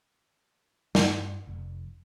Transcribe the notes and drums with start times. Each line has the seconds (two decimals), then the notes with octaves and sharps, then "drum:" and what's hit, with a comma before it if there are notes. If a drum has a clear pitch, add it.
0.95 G2, drum: snare
1.47 F1